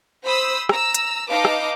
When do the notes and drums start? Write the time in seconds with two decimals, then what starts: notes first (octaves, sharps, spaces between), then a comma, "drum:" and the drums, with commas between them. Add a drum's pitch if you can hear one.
0.24 C5 B5 D#6 E6
0.69 A#5 E6, drum: rim click
0.94 drum: hi-hat
1.29 D#4 B4 D#5 F5 A5 D6
1.45 drum: rim click